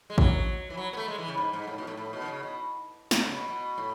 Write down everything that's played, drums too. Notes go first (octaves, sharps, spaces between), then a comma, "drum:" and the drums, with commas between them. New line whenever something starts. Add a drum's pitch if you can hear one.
G#3
F#3, drum: kick A1
E3
F#3
B3
A3
G#3
E3
C#3
G#2
G#2
A2
B2
A2
A2
B2
D#3
C#3
B2
A2, drum: snare
B2
C#3
B2
B2
A2